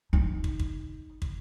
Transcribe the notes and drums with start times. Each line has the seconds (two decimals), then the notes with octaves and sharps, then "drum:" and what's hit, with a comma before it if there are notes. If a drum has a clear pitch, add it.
0.13 D#4
0.44 drum: kick
0.60 drum: kick
1.22 drum: kick